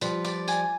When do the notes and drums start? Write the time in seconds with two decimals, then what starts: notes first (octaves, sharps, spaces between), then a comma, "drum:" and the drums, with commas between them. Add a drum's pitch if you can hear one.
0.01 F3 G3 B4, drum: tambourine
0.25 D5, drum: tambourine
0.48 G#5, drum: tambourine